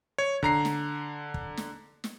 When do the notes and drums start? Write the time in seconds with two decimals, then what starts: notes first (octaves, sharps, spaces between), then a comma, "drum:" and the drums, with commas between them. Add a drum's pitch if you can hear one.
0.18 C#5
0.43 D3 A#5 C7, drum: kick
0.65 drum: snare
1.34 drum: kick
1.57 drum: snare
2.04 drum: snare